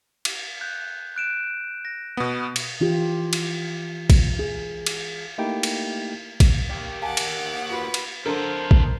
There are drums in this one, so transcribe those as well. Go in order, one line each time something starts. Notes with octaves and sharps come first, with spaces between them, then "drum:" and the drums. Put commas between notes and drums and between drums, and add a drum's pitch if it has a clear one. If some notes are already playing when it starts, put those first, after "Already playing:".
drum: cymbal
F#6 G6
F#6 D7 E7
A#6
B2 B3
drum: cymbal
E3 F4 G4
drum: cymbal
drum: kick A1, cymbal
G#4
drum: cymbal
A3 A#3 D#4 E4 G4 G5
drum: cymbal
drum: kick A1, cymbal
A#3 G4
F5 F#5 G#5 A5 D6
drum: cymbal
F4 F#4 B4
drum: cymbal
D3 A4 A#4 C5 D#5
drum: kick A1